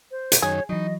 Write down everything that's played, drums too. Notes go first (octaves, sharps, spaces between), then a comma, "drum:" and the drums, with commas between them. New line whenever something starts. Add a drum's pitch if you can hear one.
C5
drum: hi-hat
F#2 D#3 G#4 C#5
E3 F#3 D#4 D#5